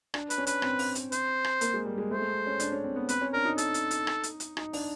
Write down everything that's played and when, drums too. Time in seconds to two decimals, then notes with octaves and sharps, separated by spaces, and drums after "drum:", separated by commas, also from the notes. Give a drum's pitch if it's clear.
0.14 D4, drum: rim click
0.30 B4, drum: hi-hat
0.38 C#4
0.47 B4, drum: hi-hat
0.62 C4, drum: rim click
0.79 drum: open hi-hat
0.95 drum: hi-hat
1.12 C5, drum: hi-hat
1.44 drum: rim click
1.61 A#3, drum: hi-hat
1.74 G#3
1.85 G3
1.98 G#3
2.10 A3 C5
2.16 G#3
2.22 A3
2.47 C#4
2.60 D4, drum: hi-hat
2.72 C#4
2.84 C4
2.96 B3
3.09 C4 B4, drum: hi-hat
3.21 C#4
3.33 D4 A#4
3.45 D#4
3.58 A4, drum: hi-hat
3.74 drum: hi-hat
3.91 drum: hi-hat
4.07 drum: rim click
4.23 drum: hi-hat
4.40 drum: hi-hat
4.57 D#4, drum: rim click
4.73 D4, drum: open hi-hat